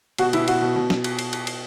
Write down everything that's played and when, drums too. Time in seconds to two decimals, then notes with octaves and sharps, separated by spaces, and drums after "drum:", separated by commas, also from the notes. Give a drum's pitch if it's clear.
0.18 B2 F#4, drum: cymbal
0.33 B2 E4, drum: cymbal
0.48 B2 F#4, drum: cymbal
0.62 B2
0.76 B2
0.90 drum: snare
1.04 drum: cymbal
1.19 drum: cymbal
1.33 drum: cymbal
1.47 drum: cymbal